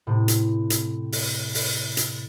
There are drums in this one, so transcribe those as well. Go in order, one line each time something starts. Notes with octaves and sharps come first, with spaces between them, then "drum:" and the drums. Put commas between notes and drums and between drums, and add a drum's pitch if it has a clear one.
A2 C3
drum: hi-hat
drum: hi-hat
drum: open hi-hat
drum: open hi-hat
drum: hi-hat